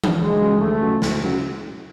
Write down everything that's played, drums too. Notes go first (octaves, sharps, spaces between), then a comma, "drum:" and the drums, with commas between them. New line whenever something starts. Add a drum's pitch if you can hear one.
drum: tom E3
D2 G#3
C#3 F#3
D2 A3
C#3 F#3
D2, drum: snare
C#3 F#3